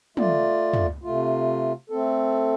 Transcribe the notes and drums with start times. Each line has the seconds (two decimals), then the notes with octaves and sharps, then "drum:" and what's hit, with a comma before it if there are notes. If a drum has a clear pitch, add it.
0.17 A3 F4 D5, drum: tom
0.73 drum: tom
1.03 C3 A3 F4
1.90 A3 C4 A4